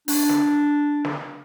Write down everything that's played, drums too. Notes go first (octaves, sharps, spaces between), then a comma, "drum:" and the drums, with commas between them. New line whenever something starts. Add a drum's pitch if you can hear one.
D4, drum: open hi-hat
drum: snare
drum: snare